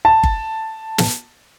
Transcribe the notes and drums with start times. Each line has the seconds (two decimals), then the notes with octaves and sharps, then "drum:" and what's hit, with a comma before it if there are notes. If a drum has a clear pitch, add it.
0.05 A5
0.23 drum: kick G1
0.98 drum: snare